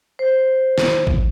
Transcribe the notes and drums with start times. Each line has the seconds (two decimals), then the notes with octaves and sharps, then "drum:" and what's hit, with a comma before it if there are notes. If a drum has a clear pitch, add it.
0.19 C5
0.78 drum: snare
1.07 drum: kick A1